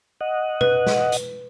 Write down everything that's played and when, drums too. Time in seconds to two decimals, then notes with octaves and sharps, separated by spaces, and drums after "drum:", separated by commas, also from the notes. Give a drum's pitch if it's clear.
0.21 D#5 F#5
0.61 B4, drum: tom B2
0.87 drum: snare
1.12 drum: hi-hat